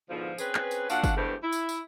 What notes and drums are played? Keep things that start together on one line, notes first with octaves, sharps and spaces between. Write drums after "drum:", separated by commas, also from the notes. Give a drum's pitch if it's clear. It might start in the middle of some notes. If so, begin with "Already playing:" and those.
G#2 B2 D3 F3
C4 C#4 G#4 B4, drum: tambourine
drum: clap
drum: tambourine
A#2 D4 F#4 F5 F#5, drum: tambourine
drum: kick G1, tambourine
E2 G2 G#3 A3 G4 C5
E4
drum: tambourine
drum: tambourine